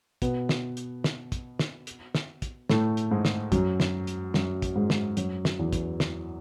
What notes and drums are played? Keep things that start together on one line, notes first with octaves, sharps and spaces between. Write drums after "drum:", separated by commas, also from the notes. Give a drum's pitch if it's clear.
B2 B3, drum: kick, hi-hat
drum: snare
drum: hi-hat
drum: snare
drum: kick, hi-hat
drum: snare
drum: hi-hat
drum: snare
drum: kick, hi-hat
A2 A3, drum: snare
drum: hi-hat
G#2 G#3
drum: snare
F#2 F#3, drum: kick, hi-hat
drum: snare
drum: hi-hat
F#2 F#3, drum: snare
drum: kick, hi-hat
G#2 G#3
drum: snare
F#2 F#3, drum: hi-hat
drum: snare
E2 E3
drum: kick, hi-hat
drum: snare